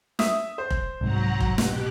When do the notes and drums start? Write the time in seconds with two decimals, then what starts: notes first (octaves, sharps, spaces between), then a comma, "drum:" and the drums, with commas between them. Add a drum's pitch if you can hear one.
0.19 E5 D#6, drum: snare
0.58 C5
0.70 drum: kick F1
1.01 C2 G#2 F#3 F#5 A#5
1.40 drum: kick F1
1.58 B2 G4 F#6, drum: snare